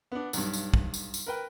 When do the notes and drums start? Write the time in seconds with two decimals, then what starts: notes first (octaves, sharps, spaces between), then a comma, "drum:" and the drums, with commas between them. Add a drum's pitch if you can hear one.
0.12 B3 D4
0.33 B1 G2, drum: tambourine
0.53 drum: tambourine
0.74 drum: kick
0.94 drum: tambourine
1.14 drum: tambourine
1.26 A#4 B4 G5